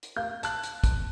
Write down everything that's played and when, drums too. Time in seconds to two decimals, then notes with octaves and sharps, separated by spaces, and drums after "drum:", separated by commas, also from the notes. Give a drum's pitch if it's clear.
0.03 drum: hi-hat
0.16 F5 G6
0.43 A5 F#6, drum: hi-hat
0.63 drum: hi-hat
0.84 drum: kick, hi-hat